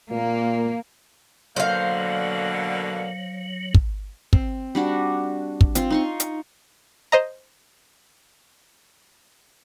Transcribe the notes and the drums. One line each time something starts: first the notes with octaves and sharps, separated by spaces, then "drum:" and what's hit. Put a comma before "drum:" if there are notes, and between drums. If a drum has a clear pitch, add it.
A#2 A#3
B2 D3 F#3 A#3 C5 F5
drum: kick
C4, drum: kick
G3 D4 F#4
drum: kick
C4 F4, drum: hi-hat
D#4 C6 C#6
drum: hi-hat
C5 D#5 A#5